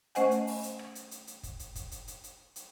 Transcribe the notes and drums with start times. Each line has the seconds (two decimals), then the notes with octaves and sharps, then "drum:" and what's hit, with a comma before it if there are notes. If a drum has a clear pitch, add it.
0.15 A3 C#4 C5 D#5 F#5 G#5, drum: hi-hat
0.31 drum: hi-hat
0.47 drum: open hi-hat
0.63 drum: hi-hat
0.79 drum: rim click
0.95 drum: hi-hat
1.11 drum: hi-hat
1.27 drum: hi-hat
1.43 drum: kick, hi-hat
1.59 drum: hi-hat
1.75 drum: kick, hi-hat
1.92 drum: hi-hat
2.08 drum: hi-hat
2.24 drum: hi-hat
2.56 drum: hi-hat